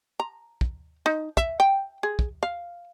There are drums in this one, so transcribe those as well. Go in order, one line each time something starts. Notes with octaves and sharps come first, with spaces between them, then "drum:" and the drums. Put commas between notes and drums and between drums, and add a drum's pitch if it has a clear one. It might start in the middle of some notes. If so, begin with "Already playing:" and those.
A#5
drum: kick
D#4
E5, drum: kick
G5
G#4
drum: kick
F5